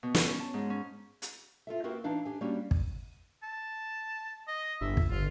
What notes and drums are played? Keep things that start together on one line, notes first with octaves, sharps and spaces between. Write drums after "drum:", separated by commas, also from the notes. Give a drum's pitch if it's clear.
B2
drum: snare
C#4
A5
G#2
C#4
drum: hi-hat
F4 A4 E5
A#3 C4 F#4 G4 A#4 B4
E3 D4 D#4 F5
D4 G4 G#5
G3 A#3 C#4 D4 F#4 G4
drum: kick
A5
D#5
G1 E5
drum: kick
G1 F4